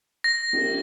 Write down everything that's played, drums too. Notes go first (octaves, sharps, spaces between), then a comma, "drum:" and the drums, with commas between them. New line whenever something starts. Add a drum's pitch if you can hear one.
A#6
drum: cymbal